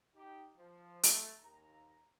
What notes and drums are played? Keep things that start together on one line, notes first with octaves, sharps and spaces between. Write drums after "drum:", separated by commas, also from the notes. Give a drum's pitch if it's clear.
D#4 G4
F3
A3, drum: hi-hat
D#2 A#5